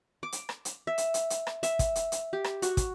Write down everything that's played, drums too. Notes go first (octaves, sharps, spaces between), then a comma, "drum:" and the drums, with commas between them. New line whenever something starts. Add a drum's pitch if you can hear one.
D6
drum: hi-hat
drum: rim click
drum: hi-hat
E5
drum: hi-hat
drum: hi-hat
drum: hi-hat
drum: rim click
E5, drum: hi-hat
drum: kick, hi-hat
drum: hi-hat
drum: hi-hat
G4
drum: rim click
F#4, drum: hi-hat
drum: kick, hi-hat